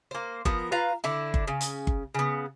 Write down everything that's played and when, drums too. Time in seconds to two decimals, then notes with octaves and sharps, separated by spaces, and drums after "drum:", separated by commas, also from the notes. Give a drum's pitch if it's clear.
0.11 A#3 C5
0.45 F3 B3 A#4, drum: kick G1
0.72 F4 B4 F5 A#5
1.04 D3 D4 E4
1.34 drum: kick G1
1.47 C#3
1.61 drum: hi-hat
1.87 drum: kick G1
2.15 C#3 B3